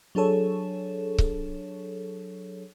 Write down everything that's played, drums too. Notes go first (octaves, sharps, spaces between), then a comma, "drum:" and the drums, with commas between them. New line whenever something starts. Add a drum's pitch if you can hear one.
F#3 D4 G#4 A4 C#5
drum: kick C#1